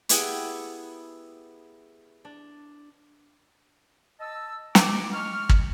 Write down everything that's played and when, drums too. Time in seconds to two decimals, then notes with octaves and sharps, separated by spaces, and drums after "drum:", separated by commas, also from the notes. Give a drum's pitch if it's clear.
0.09 B3 E4 G4 G#4 F#5 G5, drum: hi-hat
2.25 D4
4.20 D#5 A5 E6
4.75 D6, drum: snare
5.13 G#3 C#6 F6
5.49 drum: kick